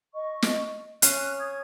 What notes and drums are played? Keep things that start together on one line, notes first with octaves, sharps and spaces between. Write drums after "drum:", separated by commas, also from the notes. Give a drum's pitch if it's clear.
D#5 C#6
drum: snare
C#4 F5 F#6, drum: hi-hat
D#6 G#6